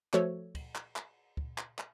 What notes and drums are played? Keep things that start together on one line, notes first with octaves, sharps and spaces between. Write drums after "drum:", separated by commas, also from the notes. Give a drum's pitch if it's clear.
F3 A3 F#4 A4 C#5, drum: clap
drum: kick, cymbal
drum: clap
drum: clap
drum: kick
drum: clap
drum: clap